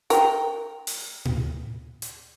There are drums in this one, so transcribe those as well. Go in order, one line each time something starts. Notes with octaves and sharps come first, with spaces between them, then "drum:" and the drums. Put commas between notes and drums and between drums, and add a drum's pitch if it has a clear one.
A#4 G5, drum: hi-hat
drum: open hi-hat
drum: tom A2
drum: hi-hat